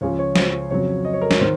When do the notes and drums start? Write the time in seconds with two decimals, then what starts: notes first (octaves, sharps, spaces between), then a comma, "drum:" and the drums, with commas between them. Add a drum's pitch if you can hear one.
0.01 C#2 C#3 F3 C#5
0.19 C#5
0.36 C5, drum: snare
0.70 F2 C#3 F#3 C#5
1.05 D#5
1.13 C#5
1.21 A#4
1.31 C#5, drum: snare
1.39 D#3 C5